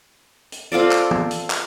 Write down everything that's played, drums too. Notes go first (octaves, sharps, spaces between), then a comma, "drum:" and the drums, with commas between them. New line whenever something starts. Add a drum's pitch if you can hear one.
drum: hi-hat
C4 F4 A4 D5
drum: clap
drum: tom
drum: hi-hat
drum: clap